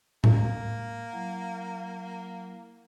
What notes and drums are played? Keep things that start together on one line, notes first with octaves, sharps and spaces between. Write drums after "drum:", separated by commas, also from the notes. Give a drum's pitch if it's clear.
G#3 A#3, drum: tom A2
F#3 E4 F#5